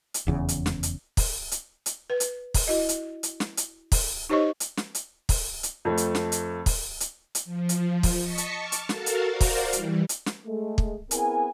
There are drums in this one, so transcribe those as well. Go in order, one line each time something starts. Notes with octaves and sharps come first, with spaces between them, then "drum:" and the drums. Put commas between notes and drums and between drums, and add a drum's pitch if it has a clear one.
drum: hi-hat
F1 E2 C#3
drum: hi-hat
drum: snare
drum: hi-hat
drum: kick, open hi-hat
drum: hi-hat
drum: hi-hat
B4
drum: hi-hat
drum: kick, open hi-hat
E4 F#4 D#5
drum: hi-hat
drum: hi-hat
drum: snare
drum: hi-hat
drum: kick, open hi-hat
D#4 G4 C5 C#5 D#5 C#6
drum: hi-hat
drum: snare
drum: hi-hat
drum: kick, open hi-hat
drum: hi-hat
F2 A3
drum: hi-hat
drum: snare
drum: hi-hat
drum: kick, open hi-hat
drum: hi-hat
drum: hi-hat
F3
drum: hi-hat
drum: kick, open hi-hat
D#5 A5 C#6 B6 C#7
drum: hi-hat
A5 C#6 D6 F6
drum: hi-hat
F#4 A4 A#4 F5 A5, drum: snare
drum: hi-hat
F#4 A#4 C5 D5 F5
drum: kick, open hi-hat
E3 G3, drum: hi-hat
drum: hi-hat
drum: snare
G#3 A3
drum: kick
B3 C4 E4 G#4 A#4 G#5, drum: hi-hat